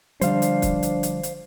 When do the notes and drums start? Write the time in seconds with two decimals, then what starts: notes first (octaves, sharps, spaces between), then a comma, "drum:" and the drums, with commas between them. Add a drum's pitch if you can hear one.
0.21 D3 F3 G3 D4 C5 F5, drum: hi-hat
0.42 drum: hi-hat
0.62 drum: kick, hi-hat
0.83 drum: hi-hat
1.03 drum: hi-hat
1.23 drum: hi-hat